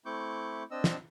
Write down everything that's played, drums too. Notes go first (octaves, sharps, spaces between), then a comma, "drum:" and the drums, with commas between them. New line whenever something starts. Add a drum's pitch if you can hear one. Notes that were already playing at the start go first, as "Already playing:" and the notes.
A3 C4 E4 C#6 D6 G6
C4 D4 D#5 E6
drum: snare